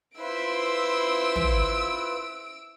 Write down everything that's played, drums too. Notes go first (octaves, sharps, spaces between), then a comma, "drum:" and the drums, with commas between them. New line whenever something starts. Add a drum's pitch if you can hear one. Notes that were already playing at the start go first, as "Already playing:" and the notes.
E4 F4 B4 C5 E6 D7
drum: tom